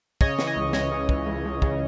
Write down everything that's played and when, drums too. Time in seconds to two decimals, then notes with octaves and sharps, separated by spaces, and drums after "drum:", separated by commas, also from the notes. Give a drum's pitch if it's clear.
0.21 C#3 C#5 D#5, drum: kick
0.39 E3, drum: snare
0.47 C#5 D#5
0.56 C#2
0.73 C#2 C#5 D#5, drum: snare
0.91 C#3
1.09 E3, drum: kick
1.26 C#2
1.44 C#2
1.62 C#3, drum: kick